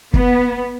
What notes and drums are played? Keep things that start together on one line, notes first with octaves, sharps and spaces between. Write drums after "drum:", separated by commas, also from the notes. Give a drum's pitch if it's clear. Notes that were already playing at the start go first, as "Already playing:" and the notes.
B3, drum: kick